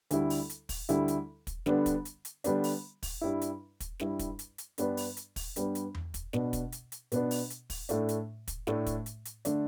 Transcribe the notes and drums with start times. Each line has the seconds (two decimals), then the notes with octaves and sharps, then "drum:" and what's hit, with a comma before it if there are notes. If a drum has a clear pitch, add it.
0.11 D2 D3 G3 E4, drum: hi-hat
0.30 drum: open hi-hat
0.50 drum: hi-hat
0.69 drum: kick, open hi-hat
0.89 D2 D3 G3 E4, drum: hi-hat
1.08 drum: hi-hat
1.47 drum: kick, hi-hat
1.66 D3 G3 B3 D4, drum: snare
1.86 drum: kick, hi-hat
2.05 drum: hi-hat
2.25 drum: hi-hat
2.44 D3 G3 B3 D4, drum: hi-hat
2.64 drum: open hi-hat
3.03 drum: kick, open hi-hat
3.21 G2 G3 E4
3.42 drum: hi-hat
3.80 drum: kick, hi-hat
4.00 G2 G3 E4, drum: snare
4.19 drum: kick, hi-hat
4.39 drum: hi-hat
4.58 drum: hi-hat
4.78 G2 G3 B3 D4, drum: hi-hat
4.97 drum: open hi-hat
5.17 drum: hi-hat
5.36 drum: kick, open hi-hat
5.56 G2 G3 B3 D4, drum: hi-hat
5.75 drum: hi-hat
5.95 drum: tom E2
6.14 drum: kick, hi-hat
6.33 B2 B3 D4, drum: snare
6.53 drum: kick, hi-hat
6.72 drum: hi-hat
6.92 drum: hi-hat
7.12 B2 B3 D4, drum: hi-hat
7.31 drum: open hi-hat
7.50 drum: hi-hat
7.70 drum: kick, open hi-hat
7.89 A2 A3 D4, drum: hi-hat
8.09 drum: hi-hat
8.48 drum: kick, hi-hat
8.67 A2 A3 D4, drum: snare
8.86 drum: kick, hi-hat
9.06 drum: hi-hat
9.25 drum: hi-hat
9.45 D3 A3 D4, drum: hi-hat